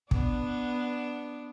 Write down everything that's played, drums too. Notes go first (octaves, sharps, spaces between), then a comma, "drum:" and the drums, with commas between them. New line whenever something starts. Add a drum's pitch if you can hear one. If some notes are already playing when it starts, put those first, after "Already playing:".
B3 D4, drum: kick